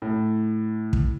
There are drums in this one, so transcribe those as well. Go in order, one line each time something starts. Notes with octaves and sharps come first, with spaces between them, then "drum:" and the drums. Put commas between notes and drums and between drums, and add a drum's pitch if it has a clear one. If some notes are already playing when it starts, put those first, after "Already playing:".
A2
drum: kick